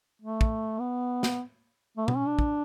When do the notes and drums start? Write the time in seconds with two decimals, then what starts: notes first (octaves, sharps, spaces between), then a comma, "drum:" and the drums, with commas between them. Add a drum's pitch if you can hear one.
0.22 A3
0.41 drum: kick
0.80 B3
1.23 drum: snare
1.97 A3
2.08 B3, drum: tom B2
2.17 C#4
2.27 D4
2.39 drum: kick